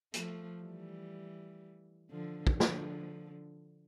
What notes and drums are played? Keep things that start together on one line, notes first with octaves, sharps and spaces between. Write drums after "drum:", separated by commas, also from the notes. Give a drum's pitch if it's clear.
F3 A3, drum: hi-hat
E3 G3
D3 F3
drum: kick
D3 F3, drum: snare